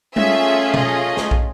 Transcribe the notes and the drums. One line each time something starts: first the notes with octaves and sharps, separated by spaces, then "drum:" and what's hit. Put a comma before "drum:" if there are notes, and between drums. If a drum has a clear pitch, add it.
A3 C#4 F4 G#4 E5, drum: tom G3
D#5, drum: tom B2
drum: snare
drum: kick